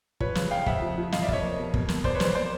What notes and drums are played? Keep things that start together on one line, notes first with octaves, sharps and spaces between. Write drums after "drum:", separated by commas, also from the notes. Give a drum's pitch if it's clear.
F3 B4 C#5, drum: kick
C#3, drum: snare
F2 F5 G5
F2 E5 F#5, drum: kick
F3
F3
F2 D#5 F5, drum: snare
D5 E5
F2 C#5 D#5, drum: kick
A#3
B2
B2, drum: kick
A#3, drum: snare
B2 C5 D5, drum: kick
B4 C#5
B2 C5 D5, drum: snare
A#3 C5 D5